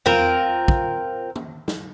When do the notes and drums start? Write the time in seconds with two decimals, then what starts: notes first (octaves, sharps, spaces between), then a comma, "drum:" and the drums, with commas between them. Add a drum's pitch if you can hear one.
0.06 C4 F4 A#4, drum: tom E2
0.68 drum: kick
1.36 drum: tom
1.68 drum: snare